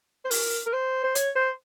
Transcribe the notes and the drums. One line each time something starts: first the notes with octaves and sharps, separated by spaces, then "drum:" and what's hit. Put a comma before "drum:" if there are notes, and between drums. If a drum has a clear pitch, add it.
C5
A#4, drum: open hi-hat
A#4
C5
C5
C#5, drum: hi-hat
C5